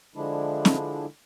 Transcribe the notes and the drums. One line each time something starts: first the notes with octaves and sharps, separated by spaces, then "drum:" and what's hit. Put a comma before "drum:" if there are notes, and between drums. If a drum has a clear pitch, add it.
D3 F3 G#3 D4 E4
drum: snare